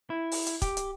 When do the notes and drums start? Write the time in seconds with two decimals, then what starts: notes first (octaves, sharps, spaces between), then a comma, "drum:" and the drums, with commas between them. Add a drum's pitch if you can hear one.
0.10 E4
0.32 drum: open hi-hat
0.47 drum: hi-hat
0.62 G4, drum: kick, hi-hat
0.77 drum: hi-hat